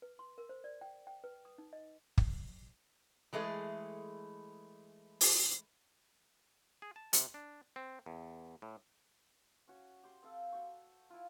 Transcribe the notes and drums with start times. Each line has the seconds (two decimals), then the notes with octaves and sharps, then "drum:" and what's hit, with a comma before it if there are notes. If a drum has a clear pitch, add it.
0.02 B4
0.19 C6
0.38 A#4
0.49 C5
0.64 D5
0.81 G5
1.07 G5
1.24 B4
1.45 D#6
1.58 D#4
1.73 D#5
2.18 drum: kick
3.33 E3 G#3 A3 G#4
5.21 drum: open hi-hat
6.82 G#4
6.96 A5
7.13 C3, drum: hi-hat
7.34 D4
7.76 C4
8.06 E2
8.62 A2
9.68 C#4 F#4
10.04 G4 C6
10.23 C4 A4 F5
10.52 F#4 C5 C#6
11.10 E4 F4